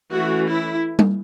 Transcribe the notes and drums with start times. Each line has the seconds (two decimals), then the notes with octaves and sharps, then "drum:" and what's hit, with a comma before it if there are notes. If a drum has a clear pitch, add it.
0.13 E3 A3 C#4 F#4
0.50 E4
0.99 drum: tom G3